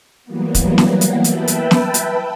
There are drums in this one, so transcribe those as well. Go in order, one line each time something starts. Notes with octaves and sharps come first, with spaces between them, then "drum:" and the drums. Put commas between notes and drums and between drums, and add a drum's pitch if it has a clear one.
E3 F#3 G3 A#3 B3
drum: kick, hi-hat
drum: snare
drum: hi-hat
B4 E5 G5 A5 B5, drum: hi-hat
drum: hi-hat
drum: snare
drum: hi-hat